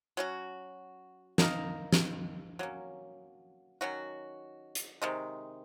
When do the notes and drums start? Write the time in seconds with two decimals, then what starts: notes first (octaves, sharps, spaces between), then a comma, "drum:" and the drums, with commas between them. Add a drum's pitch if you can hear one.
0.17 F#3 C#4 F#4
1.38 D#3 A#3 D#4 A#4, drum: snare
1.93 drum: snare
2.59 F#3 A#3 C#4
3.81 D#3 F#3 C#4 F#4
4.75 drum: hi-hat
5.02 C3 D#3 G#3